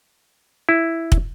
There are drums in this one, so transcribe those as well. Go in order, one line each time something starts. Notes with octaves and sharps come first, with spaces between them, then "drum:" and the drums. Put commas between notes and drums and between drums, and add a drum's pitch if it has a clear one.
E4
drum: kick